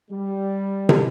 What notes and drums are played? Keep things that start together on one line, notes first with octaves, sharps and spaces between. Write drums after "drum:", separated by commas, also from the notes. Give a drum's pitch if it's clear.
G3
drum: tom